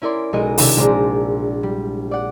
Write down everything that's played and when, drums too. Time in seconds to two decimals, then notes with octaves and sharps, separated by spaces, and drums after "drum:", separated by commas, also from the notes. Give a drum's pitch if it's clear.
0.02 C#4 E4 A#4 D5 C6
0.33 B1 G#3 F#4 A#4 D#5 A#5
0.58 C3 D#3 D4 E4, drum: open hi-hat
0.77 A#1 G#3 C4 C5 D5 A#5
1.63 G3
2.11 D5 F#5